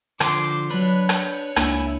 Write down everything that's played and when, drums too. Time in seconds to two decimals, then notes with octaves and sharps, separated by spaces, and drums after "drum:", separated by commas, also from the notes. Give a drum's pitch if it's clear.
0.20 D3 F3 C5 C6 D6, drum: rim click
0.70 F#3 D4 B4 C#5 B5
1.09 G6, drum: rim click
1.56 C#2 A#3 D4 E4 G#5, drum: rim click